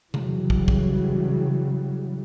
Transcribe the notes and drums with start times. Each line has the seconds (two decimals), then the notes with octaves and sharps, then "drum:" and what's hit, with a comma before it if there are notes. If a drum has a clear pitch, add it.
0.14 C#3 E3 F#3 G3, drum: tom C3
0.50 drum: kick
0.68 drum: kick